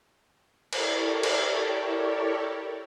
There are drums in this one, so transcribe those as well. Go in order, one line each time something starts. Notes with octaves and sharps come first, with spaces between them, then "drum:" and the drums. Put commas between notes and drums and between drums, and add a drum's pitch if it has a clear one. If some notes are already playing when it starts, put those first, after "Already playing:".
E4 G4 A4 A#4 C#5 D5, drum: cymbal
drum: cymbal